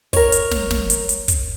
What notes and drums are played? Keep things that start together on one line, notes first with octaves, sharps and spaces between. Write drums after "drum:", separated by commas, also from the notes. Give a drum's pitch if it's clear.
A#4 C#5, drum: kick, open hi-hat
drum: hi-hat
drum: snare
drum: snare
drum: hi-hat
drum: hi-hat
drum: kick, hi-hat